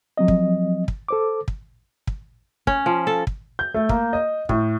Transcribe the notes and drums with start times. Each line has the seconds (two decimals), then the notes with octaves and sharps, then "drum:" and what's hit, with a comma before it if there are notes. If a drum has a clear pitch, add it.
0.17 F3 F#3 C4 D#5
0.28 drum: kick
0.88 drum: kick
1.08 A4 C5 D6
1.48 drum: kick
2.07 drum: kick
2.67 C#4, drum: kick
2.86 F3
3.07 A4
3.27 drum: kick
3.59 G6
3.74 A3
3.89 A#3, drum: kick
4.13 D#5
4.49 A2, drum: kick